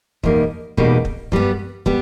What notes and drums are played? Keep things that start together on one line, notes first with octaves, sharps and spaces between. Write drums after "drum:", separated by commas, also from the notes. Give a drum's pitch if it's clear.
E2 B2 G3 A#3 D#4, drum: kick
E2 B2 G3 A#3 D#4, drum: kick
drum: kick
G2 G3 B3, drum: kick
G3 B3, drum: kick